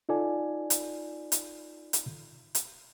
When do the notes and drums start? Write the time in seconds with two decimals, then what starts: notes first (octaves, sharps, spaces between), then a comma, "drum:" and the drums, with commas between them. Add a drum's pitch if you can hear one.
0.09 D#4 F4 A4 D5 G#5
0.70 drum: hi-hat
1.32 drum: hi-hat
1.93 drum: hi-hat
2.55 drum: hi-hat